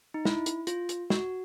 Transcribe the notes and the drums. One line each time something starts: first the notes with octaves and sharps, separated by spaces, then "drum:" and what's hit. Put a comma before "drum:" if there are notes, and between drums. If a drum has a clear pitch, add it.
D#4
E4, drum: snare
drum: hi-hat
F4, drum: hi-hat
drum: hi-hat
F#4, drum: snare